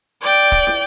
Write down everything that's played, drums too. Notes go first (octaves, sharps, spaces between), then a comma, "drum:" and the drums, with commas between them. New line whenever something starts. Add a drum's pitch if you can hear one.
D5 G5
drum: kick
drum: snare